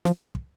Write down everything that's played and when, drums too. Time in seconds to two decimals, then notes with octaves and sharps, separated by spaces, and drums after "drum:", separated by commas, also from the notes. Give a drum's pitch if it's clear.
0.05 F3, drum: snare
0.35 drum: kick